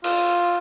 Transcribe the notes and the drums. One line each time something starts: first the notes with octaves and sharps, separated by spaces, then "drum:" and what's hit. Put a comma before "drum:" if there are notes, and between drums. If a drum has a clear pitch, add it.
F4, drum: cymbal